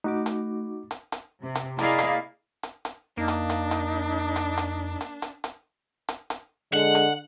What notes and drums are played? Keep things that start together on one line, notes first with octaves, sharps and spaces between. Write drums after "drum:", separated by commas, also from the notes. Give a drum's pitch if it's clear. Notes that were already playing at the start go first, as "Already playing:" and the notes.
A3 D#4 F#4 D6
drum: hi-hat
drum: hi-hat
drum: hi-hat
C3
drum: hi-hat
A#3 E4 G#4 D5 D#5 F5, drum: hi-hat
drum: hi-hat
drum: hi-hat
drum: hi-hat
F2 A#3 D4 D#4
drum: hi-hat
drum: hi-hat
drum: hi-hat
drum: hi-hat
drum: hi-hat
drum: hi-hat
drum: hi-hat
drum: hi-hat
drum: hi-hat
drum: hi-hat
D3 G#3 F#5
drum: hi-hat